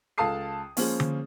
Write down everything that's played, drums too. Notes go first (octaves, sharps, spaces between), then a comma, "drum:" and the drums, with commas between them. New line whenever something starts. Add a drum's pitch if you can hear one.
C#2 A4 F5 A5 D#6 C7
F3 G#3 A#3 C#4, drum: open hi-hat
drum: tom D3